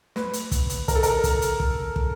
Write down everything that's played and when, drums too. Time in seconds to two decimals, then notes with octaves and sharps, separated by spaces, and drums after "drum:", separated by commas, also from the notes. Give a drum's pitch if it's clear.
0.16 B4, drum: snare
0.33 drum: hi-hat
0.51 drum: kick, hi-hat
0.69 drum: hi-hat
0.88 A#4, drum: kick, hi-hat
0.95 A4
1.03 A#4, drum: hi-hat
1.24 drum: kick, hi-hat
1.42 drum: hi-hat
1.60 drum: kick
1.96 drum: kick